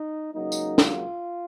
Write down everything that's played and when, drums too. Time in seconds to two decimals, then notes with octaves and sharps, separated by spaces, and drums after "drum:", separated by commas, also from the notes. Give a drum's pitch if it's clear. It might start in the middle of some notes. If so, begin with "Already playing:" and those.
Already playing: D#4
0.34 C#2 C#3 F#3 A#3 D#4
0.52 drum: tambourine
0.78 F4, drum: snare